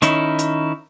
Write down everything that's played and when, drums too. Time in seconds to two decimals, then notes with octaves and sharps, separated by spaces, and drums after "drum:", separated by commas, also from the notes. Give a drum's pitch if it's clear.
0.02 D#3 C#4 D#4 E4, drum: hi-hat
0.39 drum: hi-hat